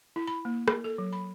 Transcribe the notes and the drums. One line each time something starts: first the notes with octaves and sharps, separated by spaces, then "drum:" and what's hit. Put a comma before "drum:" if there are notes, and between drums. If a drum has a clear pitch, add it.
E4
B5
A#3
A#4, drum: rim click
A4
F#3
B5